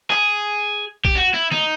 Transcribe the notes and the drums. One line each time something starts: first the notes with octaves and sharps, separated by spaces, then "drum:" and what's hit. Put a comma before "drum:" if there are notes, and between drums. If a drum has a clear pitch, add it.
G#4, drum: clap
G4, drum: kick B1
F#4
E4
D#4, drum: snare